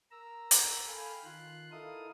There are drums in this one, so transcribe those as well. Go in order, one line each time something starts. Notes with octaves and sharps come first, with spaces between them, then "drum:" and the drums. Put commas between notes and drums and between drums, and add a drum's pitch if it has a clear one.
A#4 A#5 E6
drum: hi-hat
A4 F5 G5 G#5 B5 F6
D#3 F4 C6 F#6
D#4 E4 A4 A#4 F5 D#6